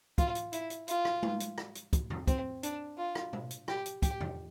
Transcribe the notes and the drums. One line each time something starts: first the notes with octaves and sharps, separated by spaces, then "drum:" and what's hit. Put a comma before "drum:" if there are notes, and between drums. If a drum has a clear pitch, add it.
F4, drum: kick, hi-hat
drum: hi-hat
E4, drum: hi-hat
drum: hi-hat
F4, drum: hi-hat
drum: rim click
drum: tom G#3
drum: hi-hat
drum: rim click
drum: hi-hat
drum: kick, hi-hat
drum: tom E2
C4, drum: kick, hi-hat
D4, drum: hi-hat
F4
drum: rim click
drum: tom
drum: hi-hat
G4, drum: rim click
drum: hi-hat
G4, drum: kick, hi-hat
drum: tom E2